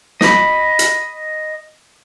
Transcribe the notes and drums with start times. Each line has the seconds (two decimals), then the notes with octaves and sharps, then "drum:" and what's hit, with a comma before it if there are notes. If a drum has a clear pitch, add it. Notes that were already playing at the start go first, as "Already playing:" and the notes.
0.21 D#5 B5, drum: snare
0.79 drum: hi-hat